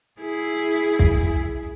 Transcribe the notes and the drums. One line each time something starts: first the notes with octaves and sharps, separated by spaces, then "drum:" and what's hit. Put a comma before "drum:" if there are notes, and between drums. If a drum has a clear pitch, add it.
E4 G#4
drum: kick